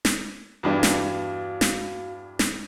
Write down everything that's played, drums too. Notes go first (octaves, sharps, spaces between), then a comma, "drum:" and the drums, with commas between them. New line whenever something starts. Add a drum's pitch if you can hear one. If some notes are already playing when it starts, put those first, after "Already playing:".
drum: snare
E2 G2 D4 F#4 F5
drum: snare
drum: snare
drum: snare